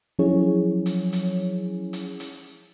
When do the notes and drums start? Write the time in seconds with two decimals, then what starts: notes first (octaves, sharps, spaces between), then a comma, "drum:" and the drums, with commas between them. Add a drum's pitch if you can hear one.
0.19 F3 F#3 C#4 E4 G#4 C#5
0.86 drum: hi-hat
1.12 drum: hi-hat
1.93 drum: hi-hat
2.20 drum: hi-hat